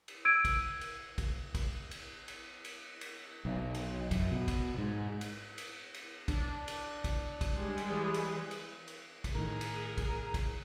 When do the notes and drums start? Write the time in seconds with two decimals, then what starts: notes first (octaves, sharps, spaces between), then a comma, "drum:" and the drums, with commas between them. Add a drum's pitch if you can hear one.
0.08 drum: cymbal
0.25 E6 G#6 D7 D#7
0.45 drum: kick A1, cymbal
0.81 drum: cymbal
1.18 drum: kick A1, cymbal
1.55 drum: kick A1, cymbal
1.91 drum: cymbal
2.28 drum: cymbal
2.65 drum: cymbal
3.01 drum: cymbal
3.45 B1
3.75 drum: cymbal
4.11 F#2, drum: kick A1, cymbal
4.31 B2
4.48 drum: kick A1, cymbal
4.78 G#2
5.21 drum: cymbal
5.58 drum: cymbal
5.94 drum: cymbal
6.28 D4, drum: kick A1, cymbal
6.68 drum: cymbal
7.04 drum: kick A1, cymbal
7.41 drum: kick A1, cymbal
7.53 G3 G#3 G#4
7.78 drum: cymbal
7.91 E3
8.14 drum: cymbal
8.51 drum: cymbal
8.88 drum: cymbal
9.24 drum: kick A1, cymbal
9.35 A2 D#3 G#4 A#4
9.61 drum: cymbal
9.98 drum: kick A1, cymbal
10.34 drum: kick A1, cymbal